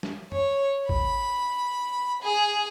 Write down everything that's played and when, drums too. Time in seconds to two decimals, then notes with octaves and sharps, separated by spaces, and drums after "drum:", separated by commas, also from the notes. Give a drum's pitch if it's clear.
0.03 drum: snare
0.32 C#5, drum: tom F#2
0.89 B5, drum: kick A1
2.22 G#4